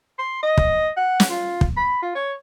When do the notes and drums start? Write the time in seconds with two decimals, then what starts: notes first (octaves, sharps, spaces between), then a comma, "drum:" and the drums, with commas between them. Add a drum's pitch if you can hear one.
0.19 C6
0.43 D#5
0.58 drum: kick
0.97 F#5
1.20 drum: snare
1.30 F4
1.61 drum: kick
1.77 B5
2.03 F4
2.15 C#5